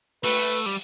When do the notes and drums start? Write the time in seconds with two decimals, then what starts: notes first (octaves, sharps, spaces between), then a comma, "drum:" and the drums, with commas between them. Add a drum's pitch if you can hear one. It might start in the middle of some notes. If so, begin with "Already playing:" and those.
0.23 A3 B4, drum: open hi-hat
0.66 G3